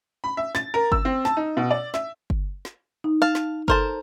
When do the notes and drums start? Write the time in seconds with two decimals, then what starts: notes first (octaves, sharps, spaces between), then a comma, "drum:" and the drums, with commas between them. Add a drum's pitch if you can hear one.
0.24 B5
0.37 E5
0.55 A6, drum: snare
0.74 A#4
0.92 E6, drum: kick G1
1.05 C4
1.25 A5, drum: snare
1.37 D#4
1.57 B2
1.70 D5
1.94 E5, drum: snare
2.30 drum: kick G1
2.65 drum: snare
3.04 D#4
3.22 F5 A5
3.35 drum: snare
3.68 A4 A#4 C5 A5, drum: kick G1